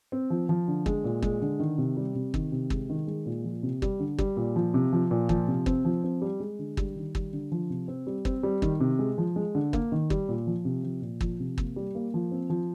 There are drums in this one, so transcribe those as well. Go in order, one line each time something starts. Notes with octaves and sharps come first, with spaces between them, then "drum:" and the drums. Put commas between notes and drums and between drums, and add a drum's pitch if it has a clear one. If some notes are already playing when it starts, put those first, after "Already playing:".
C4
F3
F3
D3
G#3, drum: kick
A#2
G#3, drum: kick
D3
D#3
C3
G3
C3
D#3, drum: kick
C3
G#3, drum: kick
D#3
G#3
A#2
F3
C3
G3, drum: kick
D3
G3, drum: kick
A#2
F3
C3
F3
A#2
F3, drum: kick
C3
C4, drum: kick
F3
C4
G3
G#3
D3
G3, drum: kick
D#3
G3, drum: kick
D3
F3
C3
C4
G3
C4, drum: kick
G3
D#3, drum: kick
C3
G#3
F3
G#3
D3
A#3, drum: kick
D#3
G3, drum: kick
A#2
F3
C3
F3
A#2
F3, drum: kick
C3
A#3, drum: kick
G3
A#3
F3
C4
F3